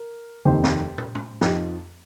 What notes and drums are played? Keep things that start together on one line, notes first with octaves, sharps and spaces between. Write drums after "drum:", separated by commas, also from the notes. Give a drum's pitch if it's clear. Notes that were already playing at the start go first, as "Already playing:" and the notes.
Already playing: A#4
F1 D#2 D#3 C4 D#4 G4 C5
drum: snare
drum: tom
drum: tom
F2 F3 D#4 G4, drum: snare